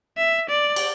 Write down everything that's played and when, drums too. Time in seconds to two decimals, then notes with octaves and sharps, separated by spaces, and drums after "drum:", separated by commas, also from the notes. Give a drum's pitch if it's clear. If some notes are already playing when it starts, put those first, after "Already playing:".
0.18 E5
0.50 D5
0.76 drum: cymbal